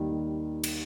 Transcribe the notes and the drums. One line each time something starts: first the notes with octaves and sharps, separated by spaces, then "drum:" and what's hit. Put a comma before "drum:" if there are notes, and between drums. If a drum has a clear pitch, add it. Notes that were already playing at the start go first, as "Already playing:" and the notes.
Already playing: D#2 D#3 G3
D#3
drum: cymbal